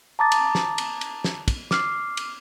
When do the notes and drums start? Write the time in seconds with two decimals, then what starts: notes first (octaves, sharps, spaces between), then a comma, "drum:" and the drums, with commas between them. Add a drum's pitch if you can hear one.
0.19 A5 A#5 D6 D#6 A6
0.32 drum: cymbal
0.55 drum: snare
0.78 drum: cymbal
1.01 drum: cymbal
1.24 drum: snare
1.48 drum: kick, cymbal
1.71 D6 F6 C7, drum: snare
2.17 drum: cymbal